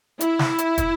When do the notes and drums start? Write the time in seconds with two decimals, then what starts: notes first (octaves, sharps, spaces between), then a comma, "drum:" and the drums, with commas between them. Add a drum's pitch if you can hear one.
0.21 E4, drum: hi-hat
0.39 drum: snare
0.58 drum: hi-hat
0.78 drum: kick, hi-hat